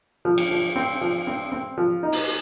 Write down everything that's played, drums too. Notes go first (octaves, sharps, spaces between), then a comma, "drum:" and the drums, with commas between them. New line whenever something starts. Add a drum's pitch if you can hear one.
F3
drum: cymbal
F3
C4
F3
C4
C4
F3
D#4
drum: open hi-hat